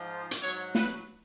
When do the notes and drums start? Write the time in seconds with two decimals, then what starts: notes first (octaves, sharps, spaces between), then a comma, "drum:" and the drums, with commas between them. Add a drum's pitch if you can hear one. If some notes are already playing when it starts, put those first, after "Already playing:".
Already playing: G#2 F3
0.31 drum: hi-hat
0.41 G#2 F#3 C#5
0.75 B4, drum: snare